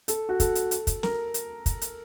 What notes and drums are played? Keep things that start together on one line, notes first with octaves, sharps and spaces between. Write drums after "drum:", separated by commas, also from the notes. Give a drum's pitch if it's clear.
A4, drum: hi-hat
F#4
A4, drum: kick, hi-hat
drum: hi-hat
drum: hi-hat
drum: kick, hi-hat
A#4, drum: snare
drum: hi-hat
drum: kick, hi-hat
drum: hi-hat